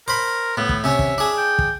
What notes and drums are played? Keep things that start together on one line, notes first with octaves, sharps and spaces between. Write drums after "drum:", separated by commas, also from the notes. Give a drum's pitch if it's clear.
A#4 C5 B5
A2 B3
drum: kick
C3 C#4 E5
drum: kick
D4 G#4
G5
drum: kick